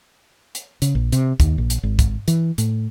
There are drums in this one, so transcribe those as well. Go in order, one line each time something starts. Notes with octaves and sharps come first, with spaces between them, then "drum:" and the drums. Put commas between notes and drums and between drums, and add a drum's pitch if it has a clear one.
drum: hi-hat
C#3, drum: hi-hat
A#1
C3, drum: hi-hat
D#2, drum: kick, hi-hat
A#1
drum: hi-hat
G#1
drum: kick, hi-hat
E3, drum: hi-hat
A2, drum: hi-hat